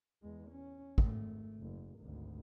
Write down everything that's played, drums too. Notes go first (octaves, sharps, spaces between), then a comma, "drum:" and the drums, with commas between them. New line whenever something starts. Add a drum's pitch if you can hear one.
E2 G#3
C#4
G#1 A3, drum: kick
F#1
G#1 D2